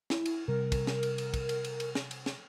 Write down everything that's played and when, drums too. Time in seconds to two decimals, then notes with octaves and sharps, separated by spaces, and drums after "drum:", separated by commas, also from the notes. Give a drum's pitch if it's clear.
0.10 E4, drum: snare
0.26 drum: cymbal
0.48 C3 G3 A#4
0.72 drum: kick, cymbal
0.87 drum: snare
1.03 drum: cymbal
1.18 drum: cymbal
1.34 drum: kick, cymbal
1.49 drum: cymbal
1.65 drum: cymbal
1.80 drum: cymbal
1.95 drum: snare
2.11 drum: cymbal
2.26 drum: snare